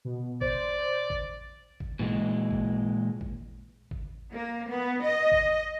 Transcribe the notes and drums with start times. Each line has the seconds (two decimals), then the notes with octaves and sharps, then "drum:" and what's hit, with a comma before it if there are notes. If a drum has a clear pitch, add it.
0.05 B2
0.41 C5 D5, drum: kick G#1
1.10 drum: kick G#1
1.80 drum: kick G#1
1.99 A#2 E3 G3 G#3
2.51 drum: kick G#1
3.21 drum: kick G#1
3.91 drum: kick G#1
4.30 A#3
4.68 B3
5.01 D#5
5.32 drum: kick G#1